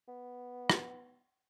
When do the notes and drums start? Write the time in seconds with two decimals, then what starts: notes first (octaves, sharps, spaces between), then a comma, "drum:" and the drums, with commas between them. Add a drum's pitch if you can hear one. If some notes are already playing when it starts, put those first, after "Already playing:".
0.08 B3
0.70 drum: rim click